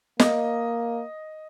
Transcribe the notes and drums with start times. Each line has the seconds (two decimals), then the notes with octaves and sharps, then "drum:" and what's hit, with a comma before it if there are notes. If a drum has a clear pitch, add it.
0.20 A#3 D#5, drum: snare